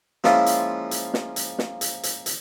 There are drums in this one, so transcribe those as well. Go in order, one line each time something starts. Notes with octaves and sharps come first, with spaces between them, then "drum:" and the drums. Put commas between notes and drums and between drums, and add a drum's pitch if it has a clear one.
F3 G#3 A#3 C#4 E4 F4, drum: snare
drum: hi-hat
drum: hi-hat
drum: snare
drum: hi-hat
drum: snare
drum: hi-hat
drum: hi-hat
drum: hi-hat